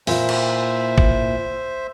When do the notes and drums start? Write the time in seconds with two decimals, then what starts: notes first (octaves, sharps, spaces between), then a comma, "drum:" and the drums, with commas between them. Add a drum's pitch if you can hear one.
0.07 A#2 E4 C5 E5, drum: open hi-hat
0.29 drum: cymbal
0.98 drum: kick